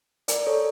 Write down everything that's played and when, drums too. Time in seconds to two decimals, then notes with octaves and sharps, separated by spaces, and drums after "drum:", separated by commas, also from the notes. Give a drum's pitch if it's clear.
0.28 A#4 D5, drum: hi-hat
0.47 A4 C#5